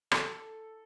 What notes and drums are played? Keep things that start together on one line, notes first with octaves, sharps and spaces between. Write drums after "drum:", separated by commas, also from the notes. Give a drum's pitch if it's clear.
A4, drum: rim click